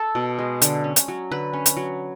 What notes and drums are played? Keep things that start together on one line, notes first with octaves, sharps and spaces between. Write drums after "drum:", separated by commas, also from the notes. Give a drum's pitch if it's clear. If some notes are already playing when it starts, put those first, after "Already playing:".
Already playing: A4
B2
G#3
D3, drum: hi-hat
C#4
drum: hi-hat
F#3
D3 B4
C#4
drum: hi-hat
F#3